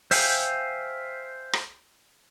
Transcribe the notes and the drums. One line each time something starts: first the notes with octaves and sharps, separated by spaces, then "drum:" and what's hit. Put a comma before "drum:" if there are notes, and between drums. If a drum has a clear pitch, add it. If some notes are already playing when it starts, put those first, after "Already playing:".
C5 E5 F5 G5 G#5, drum: open hi-hat
drum: rim click